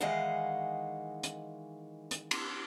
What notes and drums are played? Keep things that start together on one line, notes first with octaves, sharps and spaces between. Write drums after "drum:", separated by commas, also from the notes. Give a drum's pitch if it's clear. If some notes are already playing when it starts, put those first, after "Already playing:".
D#3 E3 G#3 D#5 F5 F#5
drum: hi-hat
drum: hi-hat
drum: cymbal